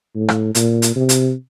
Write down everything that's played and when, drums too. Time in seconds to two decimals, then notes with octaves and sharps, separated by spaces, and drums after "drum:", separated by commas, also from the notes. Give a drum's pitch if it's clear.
0.15 A2
0.28 drum: rim click
0.55 A#2, drum: hi-hat
0.82 drum: hi-hat
0.96 C3
1.09 drum: hi-hat